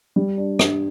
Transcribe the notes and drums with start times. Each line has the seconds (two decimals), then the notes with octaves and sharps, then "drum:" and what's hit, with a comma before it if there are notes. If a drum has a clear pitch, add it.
0.16 G3
0.37 D4
0.59 G2, drum: rim click